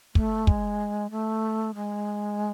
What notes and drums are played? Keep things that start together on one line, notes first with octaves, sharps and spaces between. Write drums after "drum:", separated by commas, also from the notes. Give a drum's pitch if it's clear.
A3, drum: kick
G#3, drum: kick
A3
G#3